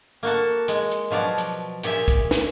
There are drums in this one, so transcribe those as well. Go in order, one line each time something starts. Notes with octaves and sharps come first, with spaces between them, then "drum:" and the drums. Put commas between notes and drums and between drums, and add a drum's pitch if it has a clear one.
A#3 F#4 A4
G#3, drum: hi-hat
drum: hi-hat
B2 F3 F#3 D5
drum: hi-hat
A#2 G4 G#4 E5, drum: hi-hat
drum: kick, hi-hat
drum: snare